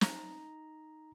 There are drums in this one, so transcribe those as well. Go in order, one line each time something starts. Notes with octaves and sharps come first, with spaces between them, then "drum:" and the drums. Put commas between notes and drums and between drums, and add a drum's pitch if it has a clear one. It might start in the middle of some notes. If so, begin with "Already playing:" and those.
D#4 A#5, drum: snare